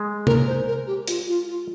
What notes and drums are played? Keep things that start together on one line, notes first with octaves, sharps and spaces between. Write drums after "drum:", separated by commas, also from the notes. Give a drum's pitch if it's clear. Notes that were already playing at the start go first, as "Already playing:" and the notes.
Already playing: G#3
A#4, drum: tom C3
C5
A#4
G4
F4, drum: hi-hat
F4
F4